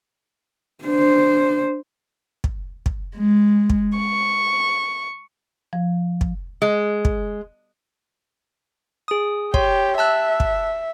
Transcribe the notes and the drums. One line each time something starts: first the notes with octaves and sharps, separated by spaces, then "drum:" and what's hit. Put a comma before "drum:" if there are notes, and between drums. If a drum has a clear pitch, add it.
D4 C5
drum: kick
drum: kick
G#3
drum: kick
C#6
F3
drum: kick
G#3
drum: kick
G#4 D#6
G4 C#5 C6, drum: kick
E5 A5 E6 F#6
drum: kick